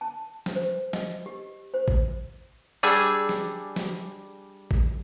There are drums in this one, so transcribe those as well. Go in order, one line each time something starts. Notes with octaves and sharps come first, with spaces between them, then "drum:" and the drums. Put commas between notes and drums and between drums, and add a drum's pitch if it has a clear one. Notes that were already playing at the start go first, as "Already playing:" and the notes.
A5
drum: snare
C5
D#5, drum: snare
G4
C5
drum: kick A1
G3 D4 G#4 G#5 E6
drum: snare
drum: snare
drum: kick A1